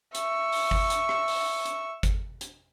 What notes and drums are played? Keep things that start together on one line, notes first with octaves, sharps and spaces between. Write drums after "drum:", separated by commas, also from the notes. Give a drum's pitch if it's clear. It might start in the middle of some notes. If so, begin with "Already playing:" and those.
E5 C#6, drum: hi-hat
drum: open hi-hat
drum: kick G1
drum: hi-hat
drum: rim click
drum: open hi-hat
drum: hi-hat
drum: kick G1, hi-hat
drum: hi-hat